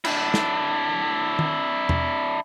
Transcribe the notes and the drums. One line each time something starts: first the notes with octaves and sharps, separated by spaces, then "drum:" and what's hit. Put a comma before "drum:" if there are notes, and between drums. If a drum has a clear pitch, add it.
D4 E4, drum: cymbal
drum: snare
drum: tom
drum: tom E2